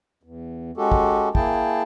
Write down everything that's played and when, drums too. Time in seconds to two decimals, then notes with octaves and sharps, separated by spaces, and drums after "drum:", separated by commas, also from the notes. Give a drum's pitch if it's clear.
0.23 E2
0.77 G#3 C#4 F#4 G4 A4
0.92 drum: kick
1.35 A#3 E4 G#4 G5 A5, drum: kick